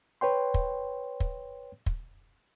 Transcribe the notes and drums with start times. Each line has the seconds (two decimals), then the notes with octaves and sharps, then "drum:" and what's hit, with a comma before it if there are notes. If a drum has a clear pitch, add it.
0.21 B4 C#5 G5 C6
0.54 drum: kick
1.20 drum: kick
1.86 drum: kick